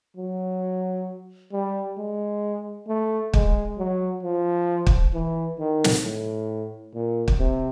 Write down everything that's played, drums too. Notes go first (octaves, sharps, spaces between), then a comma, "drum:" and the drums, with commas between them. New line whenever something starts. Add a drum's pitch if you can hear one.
F#3
G3
G#3
A3
G#3, drum: kick
F#3
F3
drum: kick
E3
D#3
drum: snare
A2
A#2
drum: kick
C3